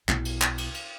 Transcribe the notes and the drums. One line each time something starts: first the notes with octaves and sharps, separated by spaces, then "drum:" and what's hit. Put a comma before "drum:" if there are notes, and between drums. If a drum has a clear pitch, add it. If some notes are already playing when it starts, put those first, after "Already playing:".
B1 E4, drum: clap
drum: cymbal
drum: clap
drum: cymbal
drum: cymbal